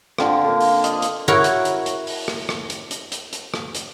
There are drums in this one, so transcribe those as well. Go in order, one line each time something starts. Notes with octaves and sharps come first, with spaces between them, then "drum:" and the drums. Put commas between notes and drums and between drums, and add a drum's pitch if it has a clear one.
D3 C4 F4, drum: rim click
D3 A#3
drum: open hi-hat
D#5, drum: hi-hat
drum: hi-hat
E4 F#4 A#4 C#5
drum: hi-hat
drum: hi-hat
drum: hi-hat
drum: open hi-hat
drum: rim click
drum: rim click
drum: hi-hat
drum: hi-hat
drum: hi-hat
drum: hi-hat
drum: rim click
drum: hi-hat